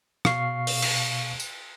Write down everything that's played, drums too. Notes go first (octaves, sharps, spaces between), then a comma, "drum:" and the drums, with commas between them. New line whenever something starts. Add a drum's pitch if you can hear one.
B2 F5 C#6 C7, drum: rim click
drum: open hi-hat
drum: cymbal
drum: tambourine